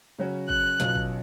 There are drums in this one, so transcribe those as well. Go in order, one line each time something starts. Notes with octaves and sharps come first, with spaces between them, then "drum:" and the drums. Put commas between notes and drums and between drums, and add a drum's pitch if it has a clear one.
C#3 F#3 C#4 F#4
F#6, drum: kick
B1 B2 F#3 C#4 F4, drum: snare
drum: kick